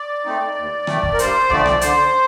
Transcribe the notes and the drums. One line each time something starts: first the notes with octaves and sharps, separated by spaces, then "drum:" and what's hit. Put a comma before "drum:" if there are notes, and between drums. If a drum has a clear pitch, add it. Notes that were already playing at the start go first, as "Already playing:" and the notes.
Already playing: D5
A3 C4 D#4
D#2
D#3 A3, drum: rim click
drum: kick
A#4
G2 C5, drum: hi-hat
D3 F3 A3 C4 D5, drum: tom C2
drum: rim click
D3 C5, drum: hi-hat